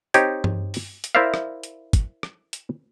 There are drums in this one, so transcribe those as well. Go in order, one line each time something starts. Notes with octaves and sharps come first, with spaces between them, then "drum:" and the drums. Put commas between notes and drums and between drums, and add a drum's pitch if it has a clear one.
C4 D#4 G4 C5 C#5, drum: hi-hat
drum: tom G2
drum: open hi-hat
drum: hi-hat
E4 A#4 C5 D5 E5 F5
drum: rim click
drum: hi-hat
drum: kick, hi-hat
drum: rim click
drum: hi-hat